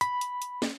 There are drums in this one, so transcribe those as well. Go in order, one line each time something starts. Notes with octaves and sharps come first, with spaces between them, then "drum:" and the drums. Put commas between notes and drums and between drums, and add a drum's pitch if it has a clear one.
B5, drum: hi-hat
drum: hi-hat
drum: hi-hat
drum: snare